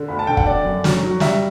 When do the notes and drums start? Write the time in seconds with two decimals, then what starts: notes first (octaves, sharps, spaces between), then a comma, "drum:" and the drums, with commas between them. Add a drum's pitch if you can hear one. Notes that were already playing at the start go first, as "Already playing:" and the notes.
Already playing: D3
0.08 D2 B5
0.19 A5
0.27 D3 G5
0.37 F#5, drum: kick
0.47 D3 D5
0.64 F#2
0.84 F#3, drum: snare
1.03 F#3
1.20 G3 E5, drum: snare